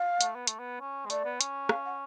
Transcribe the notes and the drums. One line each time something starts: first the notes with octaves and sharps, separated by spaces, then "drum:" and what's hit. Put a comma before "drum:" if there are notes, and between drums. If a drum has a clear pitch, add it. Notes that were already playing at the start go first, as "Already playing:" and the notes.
Already playing: F5
A3, drum: hi-hat
B3
A3, drum: hi-hat
B3
C#4
G#3
A3 D5, drum: hi-hat
B3
C#4, drum: hi-hat
F5, drum: rim click
F#5